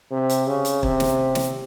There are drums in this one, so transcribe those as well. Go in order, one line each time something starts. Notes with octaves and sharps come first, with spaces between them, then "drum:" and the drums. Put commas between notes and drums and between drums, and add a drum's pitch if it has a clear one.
C3
drum: hi-hat
C#3
drum: hi-hat
C3, drum: kick
drum: snare
drum: snare